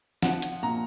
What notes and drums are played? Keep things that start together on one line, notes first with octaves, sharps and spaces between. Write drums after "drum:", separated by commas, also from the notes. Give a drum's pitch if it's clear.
F3 F#5, drum: snare
drum: hi-hat
A#2 A#5